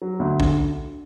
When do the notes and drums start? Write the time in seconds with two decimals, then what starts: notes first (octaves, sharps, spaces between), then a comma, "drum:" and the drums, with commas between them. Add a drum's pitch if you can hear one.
0.02 F#3
0.20 D2
0.40 D3, drum: kick